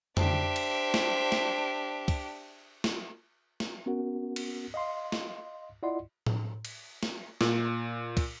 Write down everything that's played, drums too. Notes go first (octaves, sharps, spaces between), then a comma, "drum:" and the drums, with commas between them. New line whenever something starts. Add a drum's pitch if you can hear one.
D4 G4 C5 E5, drum: tom
drum: cymbal
drum: snare
drum: snare
drum: kick, cymbal
drum: snare
drum: snare
B3 C#4 F#4 A#4 F#5
drum: cymbal
D#5 F5 C6
drum: snare
E4 F4 D5 D#5 F#5 C6
drum: tom A2
drum: cymbal
drum: snare
A#2, drum: snare
drum: kick, cymbal